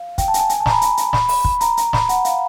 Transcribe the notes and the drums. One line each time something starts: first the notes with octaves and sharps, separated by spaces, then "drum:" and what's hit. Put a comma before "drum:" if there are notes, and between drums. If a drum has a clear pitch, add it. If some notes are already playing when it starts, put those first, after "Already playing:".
Already playing: F5
G5, drum: kick, hi-hat
A5
G#5, drum: hi-hat
A5
G#5, drum: hi-hat
A5
A#5, drum: snare
B5
B5, drum: hi-hat
drum: hi-hat
B5, drum: snare
B5, drum: open hi-hat
B5, drum: kick
A#5, drum: hi-hat
A#5, drum: hi-hat
B5, drum: snare
F#5, drum: hi-hat
F5, drum: hi-hat